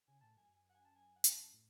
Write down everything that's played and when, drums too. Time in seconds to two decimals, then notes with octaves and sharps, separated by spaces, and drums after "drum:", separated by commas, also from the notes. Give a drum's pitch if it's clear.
0.08 C#3 G#5
0.21 A2 A5
0.36 F#2 G#5
0.51 G#5
0.70 F#5
0.75 G#5
0.85 A5
0.95 G#5
1.16 F#5
1.24 G#5, drum: hi-hat
1.34 A5
1.53 A2